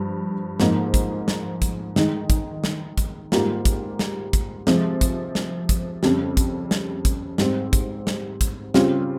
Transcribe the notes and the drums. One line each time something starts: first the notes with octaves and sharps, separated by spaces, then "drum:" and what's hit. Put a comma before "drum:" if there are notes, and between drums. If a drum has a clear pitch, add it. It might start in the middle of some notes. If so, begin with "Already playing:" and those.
Already playing: G2 F3
G#2 F3 A#3 D#4, drum: snare
drum: kick, hi-hat
drum: snare
drum: kick, hi-hat
D#3 G#3 D#4, drum: snare
drum: kick, hi-hat
drum: snare
drum: kick, hi-hat
G#2 G3 A#3 F4, drum: snare
drum: kick, hi-hat
drum: snare
drum: kick, hi-hat
C3 F3 G#3, drum: snare
drum: kick, hi-hat
drum: snare
drum: kick, hi-hat
F2 C#3 G3, drum: snare
drum: kick, hi-hat
drum: snare
drum: kick, hi-hat
G#2 G3 C4, drum: snare
drum: kick, hi-hat
drum: snare
drum: kick, hi-hat
C#3 G3 C4 F4, drum: snare